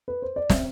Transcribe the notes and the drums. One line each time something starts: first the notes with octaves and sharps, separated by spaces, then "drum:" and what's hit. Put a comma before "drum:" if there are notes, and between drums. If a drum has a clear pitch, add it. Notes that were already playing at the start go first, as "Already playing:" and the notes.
B4
C5
D5
C4 E5, drum: snare